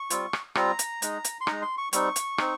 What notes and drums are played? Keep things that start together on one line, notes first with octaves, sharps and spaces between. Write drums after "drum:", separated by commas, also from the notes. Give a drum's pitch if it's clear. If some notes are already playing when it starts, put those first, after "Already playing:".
Already playing: C#6
G3 C4 F4, drum: hi-hat
drum: rim click
G3 C4 F4 A#5, drum: rim click
drum: hi-hat
G#3 D#4, drum: hi-hat
drum: hi-hat
C6
G#3 D#4 A#5, drum: rim click
C6
C#6
G3 C4 D#4 C#6, drum: hi-hat
drum: hi-hat
C4 D#4, drum: rim click